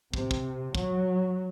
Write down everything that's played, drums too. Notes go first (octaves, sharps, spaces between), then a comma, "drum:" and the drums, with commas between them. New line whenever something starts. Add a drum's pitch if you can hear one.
C3, drum: kick
drum: kick
F#3, drum: kick